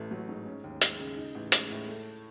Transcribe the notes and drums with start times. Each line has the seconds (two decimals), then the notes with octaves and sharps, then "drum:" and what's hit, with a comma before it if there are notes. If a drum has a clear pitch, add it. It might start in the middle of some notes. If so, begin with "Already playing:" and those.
Already playing: A1 A3
0.11 F#3
0.29 G#2
0.46 C#4
0.64 D#2
0.82 G#3, drum: hi-hat
0.99 C#3
1.17 D#4
1.35 A1
1.52 G#3, drum: hi-hat
1.70 A2
1.88 A3